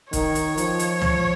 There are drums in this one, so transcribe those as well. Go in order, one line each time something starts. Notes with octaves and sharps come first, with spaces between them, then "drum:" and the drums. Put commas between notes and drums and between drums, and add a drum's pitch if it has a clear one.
D#3 C#5, drum: kick, hi-hat
drum: hi-hat
F3, drum: hi-hat
drum: hi-hat
drum: tom